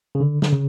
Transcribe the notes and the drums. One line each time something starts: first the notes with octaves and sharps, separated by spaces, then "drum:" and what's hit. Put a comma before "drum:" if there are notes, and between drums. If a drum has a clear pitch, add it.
C#3
D3
D3, drum: snare
C#3